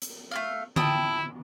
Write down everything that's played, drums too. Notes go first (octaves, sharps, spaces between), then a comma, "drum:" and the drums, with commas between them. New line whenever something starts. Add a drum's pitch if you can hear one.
drum: hi-hat
A3 A#3 F5
E4 G5 A5 D#6, drum: tom D3